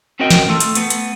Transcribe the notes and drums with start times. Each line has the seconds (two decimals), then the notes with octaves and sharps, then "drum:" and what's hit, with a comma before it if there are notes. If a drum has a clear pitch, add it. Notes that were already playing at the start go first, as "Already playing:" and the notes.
0.19 C4 C#4 F#4 A#4 D#5 G5
0.31 drum: snare
0.49 A3 F4 A4
0.60 drum: hi-hat
0.75 A3 B3, drum: hi-hat
0.90 drum: hi-hat